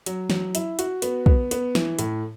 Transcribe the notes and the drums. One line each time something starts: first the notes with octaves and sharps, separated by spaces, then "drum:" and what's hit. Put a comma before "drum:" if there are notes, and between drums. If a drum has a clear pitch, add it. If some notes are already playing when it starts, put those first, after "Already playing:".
F#3, drum: hi-hat
F#3, drum: snare
E4, drum: hi-hat
F#4, drum: hi-hat
B3, drum: hi-hat
B3, drum: kick
B3, drum: hi-hat
E3, drum: snare
A2, drum: hi-hat